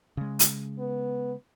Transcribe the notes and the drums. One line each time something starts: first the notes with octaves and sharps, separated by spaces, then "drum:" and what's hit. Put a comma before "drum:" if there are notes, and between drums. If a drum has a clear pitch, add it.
C#3 G#3
drum: hi-hat
B3